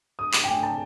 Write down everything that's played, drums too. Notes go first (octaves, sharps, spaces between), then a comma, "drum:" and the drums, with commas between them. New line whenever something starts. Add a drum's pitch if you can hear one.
D#6
D6, drum: clap
G5
G#5
A5